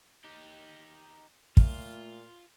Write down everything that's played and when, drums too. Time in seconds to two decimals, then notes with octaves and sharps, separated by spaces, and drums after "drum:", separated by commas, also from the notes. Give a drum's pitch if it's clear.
0.24 D#4 G4
1.57 A#2 A3 F4, drum: kick